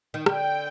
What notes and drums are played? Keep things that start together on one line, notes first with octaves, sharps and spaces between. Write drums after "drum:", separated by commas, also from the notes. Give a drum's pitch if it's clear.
D#3
D3 G5, drum: rim click